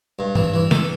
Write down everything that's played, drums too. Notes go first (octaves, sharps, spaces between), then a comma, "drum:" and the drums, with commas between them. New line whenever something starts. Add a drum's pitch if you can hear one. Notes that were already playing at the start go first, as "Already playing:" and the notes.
G2
E3, drum: tom G2
E3
A4, drum: snare